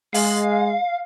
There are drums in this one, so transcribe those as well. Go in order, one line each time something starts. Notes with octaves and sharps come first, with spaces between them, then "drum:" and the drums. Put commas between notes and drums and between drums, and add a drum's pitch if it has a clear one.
G#3 F5, drum: open hi-hat